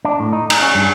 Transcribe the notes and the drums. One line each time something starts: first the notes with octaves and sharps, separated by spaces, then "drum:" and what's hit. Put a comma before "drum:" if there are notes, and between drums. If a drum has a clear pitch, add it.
D4
A2
D#4
D#4, drum: cymbal
C#4
G2